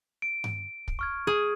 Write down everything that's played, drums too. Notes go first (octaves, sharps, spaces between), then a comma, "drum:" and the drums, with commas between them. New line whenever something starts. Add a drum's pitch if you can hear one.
D7
drum: tom G2
drum: kick
C#6 F6 G#6
G#4 G#6